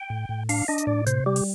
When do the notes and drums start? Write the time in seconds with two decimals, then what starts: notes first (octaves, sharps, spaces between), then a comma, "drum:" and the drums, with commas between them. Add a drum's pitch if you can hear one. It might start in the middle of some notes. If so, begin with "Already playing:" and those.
Already playing: G5
0.10 A2
0.29 A2
0.49 D4 F5, drum: open hi-hat
0.68 D4 D#5
0.78 drum: hi-hat
0.87 A2 D5
1.06 C3 C5, drum: hi-hat
1.26 G3 G4
1.36 drum: open hi-hat